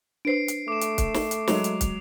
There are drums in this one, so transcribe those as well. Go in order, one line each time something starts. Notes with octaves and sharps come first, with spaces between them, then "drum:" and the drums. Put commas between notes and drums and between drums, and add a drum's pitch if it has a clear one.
D4 B4 C5 C7 D7
drum: hi-hat
A3 D6 E7
drum: hi-hat
drum: kick, hi-hat
drum: snare
drum: hi-hat
F#3 G#3 F7, drum: snare
drum: hi-hat
drum: kick, hi-hat